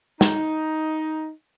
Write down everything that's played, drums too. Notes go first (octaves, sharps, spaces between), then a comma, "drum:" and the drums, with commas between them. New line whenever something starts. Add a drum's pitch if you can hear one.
D#4, drum: snare